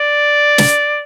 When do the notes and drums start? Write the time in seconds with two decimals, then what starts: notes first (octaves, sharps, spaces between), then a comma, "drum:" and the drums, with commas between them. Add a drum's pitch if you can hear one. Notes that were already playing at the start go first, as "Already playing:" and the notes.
Already playing: D5
0.58 drum: snare